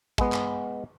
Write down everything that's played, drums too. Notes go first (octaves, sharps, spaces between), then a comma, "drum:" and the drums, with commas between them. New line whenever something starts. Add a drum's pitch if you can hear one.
G#3 B3, drum: kick
drum: clap